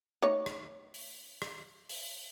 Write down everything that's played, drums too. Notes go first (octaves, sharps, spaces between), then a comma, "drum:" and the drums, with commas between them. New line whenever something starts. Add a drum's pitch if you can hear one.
A3 D#4 C#5
drum: rim click
drum: open hi-hat
drum: rim click
drum: open hi-hat